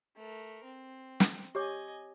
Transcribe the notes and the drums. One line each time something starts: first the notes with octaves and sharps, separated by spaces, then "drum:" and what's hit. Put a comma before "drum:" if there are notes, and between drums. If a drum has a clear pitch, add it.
A3 A#4
C4
drum: snare
G4 C#5 D#5 G#5 D6